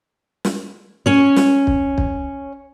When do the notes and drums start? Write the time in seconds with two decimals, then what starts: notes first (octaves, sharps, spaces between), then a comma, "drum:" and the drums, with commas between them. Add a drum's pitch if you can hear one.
0.45 drum: snare
1.06 C#4 C#5
1.36 drum: snare
1.67 drum: kick
1.98 drum: kick